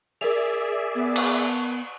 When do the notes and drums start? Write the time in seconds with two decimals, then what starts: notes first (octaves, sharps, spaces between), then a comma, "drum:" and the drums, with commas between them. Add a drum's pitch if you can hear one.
0.21 G#4 A#4 D5 E5 F7
0.95 B3
1.16 drum: cymbal